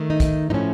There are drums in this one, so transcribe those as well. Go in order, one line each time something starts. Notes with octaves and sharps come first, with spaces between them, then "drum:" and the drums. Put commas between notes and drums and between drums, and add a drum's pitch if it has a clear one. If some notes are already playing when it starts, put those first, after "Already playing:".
Already playing: D#3 A3
D#4
drum: kick, hi-hat
A2 F3 A3 C#4 D#4